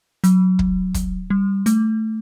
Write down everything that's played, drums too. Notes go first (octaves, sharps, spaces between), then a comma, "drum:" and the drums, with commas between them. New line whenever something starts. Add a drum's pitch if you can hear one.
F#3, drum: hi-hat
drum: kick
drum: kick, hi-hat
G3
A3, drum: hi-hat